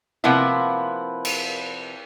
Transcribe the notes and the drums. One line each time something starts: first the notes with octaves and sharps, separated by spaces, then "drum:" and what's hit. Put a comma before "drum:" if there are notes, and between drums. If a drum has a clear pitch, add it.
C3 F3 A#3 B3 E4
drum: cymbal